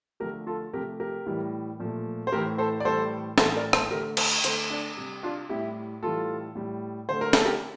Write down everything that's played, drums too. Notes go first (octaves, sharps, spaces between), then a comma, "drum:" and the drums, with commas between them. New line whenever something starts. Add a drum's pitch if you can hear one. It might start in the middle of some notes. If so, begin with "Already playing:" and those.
D3 F3 A3 G4 A#4
F4 A4
C3 F3 A3 G4 A#4
G4 A#4
A2 E3 G3
A#2 F3 A3
C5
A2 E3 A3 G4 A#4
A4 C5
D5
A2 E3 G3 A4 C5
A2 E3 A3 A4 C5, drum: snare
A#4 D5
A4 C5, drum: rim click
D3 A3 G4 A#4
A4 C5, drum: cymbal
D3 A3 A4 C5, drum: hi-hat
D4
C3 G3
D4 F4
A2 G3 E4 G4
A2 E3 G3 F4 A4
A2 G3
D3 A3 C5
A#4
A4, drum: snare
G4 A#4